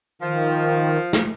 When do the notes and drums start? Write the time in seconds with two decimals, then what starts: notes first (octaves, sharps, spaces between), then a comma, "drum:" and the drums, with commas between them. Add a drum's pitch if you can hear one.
0.22 D#3 F3
1.13 drum: snare